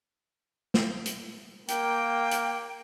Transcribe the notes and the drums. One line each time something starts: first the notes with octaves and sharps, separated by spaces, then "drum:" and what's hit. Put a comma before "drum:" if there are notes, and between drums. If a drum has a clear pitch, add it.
drum: snare
drum: hi-hat
A#3 G5, drum: hi-hat
drum: hi-hat